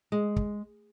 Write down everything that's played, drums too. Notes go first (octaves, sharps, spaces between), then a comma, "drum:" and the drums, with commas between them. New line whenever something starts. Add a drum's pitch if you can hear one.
G#3
drum: kick